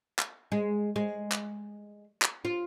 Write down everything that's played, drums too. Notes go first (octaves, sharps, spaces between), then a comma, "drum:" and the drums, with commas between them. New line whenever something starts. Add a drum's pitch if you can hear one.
drum: clap
G#3
G#3
drum: clap
drum: clap
F4